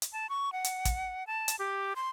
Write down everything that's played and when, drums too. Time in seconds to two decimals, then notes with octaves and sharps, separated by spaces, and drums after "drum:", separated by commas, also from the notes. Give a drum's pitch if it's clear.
0.02 drum: hi-hat
0.13 A5
0.29 C#6
0.52 F#5
0.64 drum: hi-hat
0.85 drum: kick, hi-hat
1.27 A5
1.48 drum: hi-hat
1.59 G4
1.96 C6